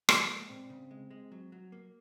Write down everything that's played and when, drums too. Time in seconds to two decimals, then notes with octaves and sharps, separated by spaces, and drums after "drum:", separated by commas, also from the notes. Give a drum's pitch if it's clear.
0.09 F3 G#3, drum: rim click
0.30 G#3 A#3
0.49 A#2 C4
0.70 C#3
0.91 G#3
1.11 G#3
1.32 F#3
1.52 F#3
1.72 A#3